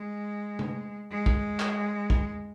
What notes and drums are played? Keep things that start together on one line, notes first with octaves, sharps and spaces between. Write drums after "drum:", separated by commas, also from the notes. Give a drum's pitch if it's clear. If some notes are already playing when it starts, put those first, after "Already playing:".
Already playing: G#3
drum: tom C3
G#3
drum: kick
drum: clap
drum: kick